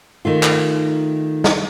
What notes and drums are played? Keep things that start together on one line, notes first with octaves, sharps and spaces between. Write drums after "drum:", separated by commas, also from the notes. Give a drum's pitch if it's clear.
D#3 A3 F4
drum: clap
drum: snare